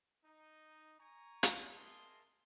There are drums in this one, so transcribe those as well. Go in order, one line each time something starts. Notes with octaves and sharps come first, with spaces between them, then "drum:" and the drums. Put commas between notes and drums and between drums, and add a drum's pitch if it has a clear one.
D#4
G#5 A#5 C#6
drum: hi-hat
G#4 A#4 D#5 E5 A5 C6